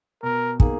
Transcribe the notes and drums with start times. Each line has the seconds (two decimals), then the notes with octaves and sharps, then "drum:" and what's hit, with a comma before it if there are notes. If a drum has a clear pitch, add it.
0.22 B2 A#4
0.60 A#3 D#4 G#4, drum: kick